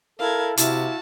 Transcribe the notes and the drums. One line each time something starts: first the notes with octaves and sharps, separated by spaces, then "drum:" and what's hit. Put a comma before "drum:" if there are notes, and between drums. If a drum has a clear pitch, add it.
E4 A4 A#4 F5 G#6
C3 E4 F#4 F5 A5, drum: hi-hat